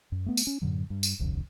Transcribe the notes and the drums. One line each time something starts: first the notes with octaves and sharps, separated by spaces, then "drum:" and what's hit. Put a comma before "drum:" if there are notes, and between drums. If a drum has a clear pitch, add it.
F#2
A3 B3
drum: tambourine
C#4
F#2 A2 D3 F#3
G2
drum: tambourine
D#1 C2 F2 D3